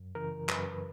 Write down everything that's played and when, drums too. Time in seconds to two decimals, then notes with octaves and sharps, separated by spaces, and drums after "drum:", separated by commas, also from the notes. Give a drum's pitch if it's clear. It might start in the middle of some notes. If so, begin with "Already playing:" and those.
Already playing: F#2
0.15 C#3 E3 A#4
0.49 F#2 B4, drum: clap